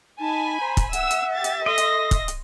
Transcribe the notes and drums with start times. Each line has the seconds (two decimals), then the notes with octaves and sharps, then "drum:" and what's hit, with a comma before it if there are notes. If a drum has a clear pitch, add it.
0.20 D#4 G#5 A5 B5
0.60 C5 A#5
0.77 drum: kick, hi-hat
0.93 E5 F#5 E6, drum: hi-hat
1.11 drum: hi-hat
1.35 G4 A6
1.44 drum: hi-hat
1.66 A4 D#5 C6 A#6
1.78 drum: hi-hat
2.11 drum: kick, hi-hat
2.28 drum: hi-hat